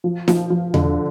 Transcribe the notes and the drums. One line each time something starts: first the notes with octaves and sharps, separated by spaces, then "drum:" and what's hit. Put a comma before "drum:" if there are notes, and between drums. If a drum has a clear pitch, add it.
F3
F3, drum: snare D#4
F3
D3, drum: tom E2